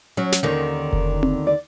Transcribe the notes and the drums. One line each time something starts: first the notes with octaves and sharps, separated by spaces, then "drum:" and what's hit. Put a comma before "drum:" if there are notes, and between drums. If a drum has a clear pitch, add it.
F#3 C#4
drum: snare
D#2 D3 D#3
drum: kick F1
drum: tom C4
D5